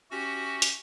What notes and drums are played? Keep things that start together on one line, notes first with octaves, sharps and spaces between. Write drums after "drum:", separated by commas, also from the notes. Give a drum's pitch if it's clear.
C#4 E4 F#4 G4
drum: hi-hat